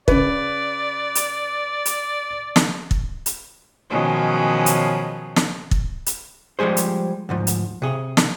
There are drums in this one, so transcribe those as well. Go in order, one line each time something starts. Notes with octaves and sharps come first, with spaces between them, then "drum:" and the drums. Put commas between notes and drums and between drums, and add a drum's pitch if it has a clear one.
C#3 B4 D5, drum: kick
drum: hi-hat
drum: hi-hat
drum: snare
drum: kick
drum: hi-hat
B2 D#3 F3 F#3 G#3 C#4
drum: hi-hat
drum: snare
drum: kick
drum: hi-hat
F3 G3 G#3 G#4 C5
drum: hi-hat
D2 G#2 F3
drum: hi-hat
C3 G#4
drum: snare